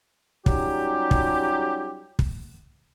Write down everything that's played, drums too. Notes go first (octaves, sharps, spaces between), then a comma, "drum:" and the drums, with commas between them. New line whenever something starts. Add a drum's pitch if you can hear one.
F#3 G3 C#4 D#4 F4 G4, drum: kick
drum: kick
drum: kick